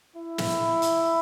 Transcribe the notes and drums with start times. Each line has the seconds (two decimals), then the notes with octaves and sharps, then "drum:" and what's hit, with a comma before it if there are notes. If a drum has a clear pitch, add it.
0.16 E4
0.38 drum: snare
0.82 drum: hi-hat